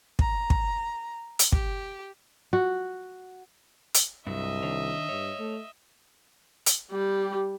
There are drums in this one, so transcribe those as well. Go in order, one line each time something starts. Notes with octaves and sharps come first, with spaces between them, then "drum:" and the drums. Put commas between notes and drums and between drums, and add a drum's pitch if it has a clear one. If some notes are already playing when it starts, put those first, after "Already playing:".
A#5, drum: kick
drum: kick
drum: hi-hat
G4, drum: kick
F#4
drum: hi-hat
C2 G2 F#3 D#5 E5
D#3 D4 C#5
G2 C#5
A3
drum: hi-hat
G3 G4